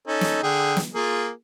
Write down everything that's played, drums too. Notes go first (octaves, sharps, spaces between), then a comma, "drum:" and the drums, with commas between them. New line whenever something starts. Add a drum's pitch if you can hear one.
C#4 D#4 A4
drum: snare
D3 G#4 G5
drum: snare
A#3 F4 G#4